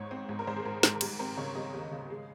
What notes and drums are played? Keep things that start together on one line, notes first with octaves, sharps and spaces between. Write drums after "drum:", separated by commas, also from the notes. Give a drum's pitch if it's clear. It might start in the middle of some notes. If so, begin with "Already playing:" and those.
Already playing: G#2 C#5
C4
G#2
A#4
G#2 C5
G#4
G#2 A#4
G#2 A#4, drum: snare
A#4
G3 G#4, drum: cymbal
C4 A#4
C#3 C#5
G3 D#5
D#2
C#3
G#3